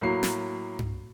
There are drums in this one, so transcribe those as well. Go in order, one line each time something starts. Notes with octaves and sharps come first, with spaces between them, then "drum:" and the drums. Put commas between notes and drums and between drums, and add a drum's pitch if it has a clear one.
A2 F#3 A#3 C7
drum: snare
drum: tom G2